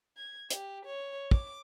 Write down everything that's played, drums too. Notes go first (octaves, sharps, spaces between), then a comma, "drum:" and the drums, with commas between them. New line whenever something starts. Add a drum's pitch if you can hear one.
G#6
G4, drum: hi-hat
C#5
D6, drum: kick